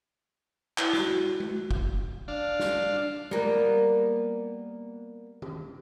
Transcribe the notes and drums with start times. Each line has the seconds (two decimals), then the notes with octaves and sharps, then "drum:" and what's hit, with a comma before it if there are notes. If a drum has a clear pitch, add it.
0.78 E4, drum: clap
0.93 F#4, drum: snare
1.40 drum: tom G#3
1.71 drum: kick
2.28 D4 F5
2.60 drum: snare
3.31 G3 A#3 B3, drum: tom G#3
5.42 drum: tom